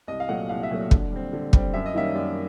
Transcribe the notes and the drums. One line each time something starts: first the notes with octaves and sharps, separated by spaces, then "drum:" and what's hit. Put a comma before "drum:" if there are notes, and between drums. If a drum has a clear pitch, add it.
C2 D#5
F5
A#2 F#3 A3 F#5
C2 F5
E5
A#2 F#3 A3
D3, drum: kick
G3 C4
D3
G3 C4, drum: kick
F#2 E5
D#5
D#3 G3 A#3 C#4 E5
F#2 D5